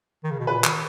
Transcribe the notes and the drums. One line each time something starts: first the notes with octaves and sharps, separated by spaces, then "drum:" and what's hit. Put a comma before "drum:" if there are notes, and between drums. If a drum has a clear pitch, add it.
D#3
C#3
B2
A#2 B4
D#3, drum: clap